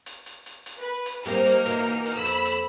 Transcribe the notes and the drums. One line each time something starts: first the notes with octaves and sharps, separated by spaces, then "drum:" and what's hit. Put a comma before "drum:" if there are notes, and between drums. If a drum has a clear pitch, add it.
drum: hi-hat
drum: hi-hat
drum: hi-hat
drum: hi-hat
B4
drum: hi-hat
G3 A#3 C4 D#4 G4 F6, drum: hi-hat
drum: hi-hat
B2 E3, drum: hi-hat
drum: hi-hat
F2 B5 E6
drum: hi-hat
drum: hi-hat